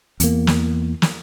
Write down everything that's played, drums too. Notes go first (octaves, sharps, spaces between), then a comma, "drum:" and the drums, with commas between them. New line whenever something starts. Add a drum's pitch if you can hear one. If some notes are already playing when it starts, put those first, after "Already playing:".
E2 A#3, drum: hi-hat
drum: snare
drum: snare